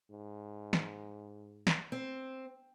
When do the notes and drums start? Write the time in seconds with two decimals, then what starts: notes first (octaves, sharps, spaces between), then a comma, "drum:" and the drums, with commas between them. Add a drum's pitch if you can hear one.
0.10 G#2
0.73 drum: snare
1.67 drum: snare
1.92 C4